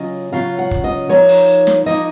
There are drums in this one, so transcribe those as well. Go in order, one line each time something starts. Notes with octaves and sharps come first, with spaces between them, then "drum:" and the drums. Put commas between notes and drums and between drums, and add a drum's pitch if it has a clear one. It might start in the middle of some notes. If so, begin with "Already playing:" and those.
Already playing: C#3 F#3 C#4 F4 D#5
C#3 F#3 C#4 F4 F5
F#5
drum: kick
D#5
F3 A#3 D#4 C#5
drum: open hi-hat
drum: snare
F3 A#3 D#4 D#5